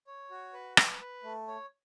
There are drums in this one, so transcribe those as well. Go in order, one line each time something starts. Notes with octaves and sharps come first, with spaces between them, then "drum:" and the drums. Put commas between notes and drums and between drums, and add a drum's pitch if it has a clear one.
C#5
F#4
B4
B4, drum: rim click
B4
A3
C#5